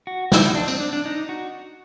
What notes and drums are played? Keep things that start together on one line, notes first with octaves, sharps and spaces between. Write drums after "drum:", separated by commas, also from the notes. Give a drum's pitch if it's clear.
F#4
D#4, drum: snare
D4
C4, drum: tambourine
D4
D4
D#4
F#4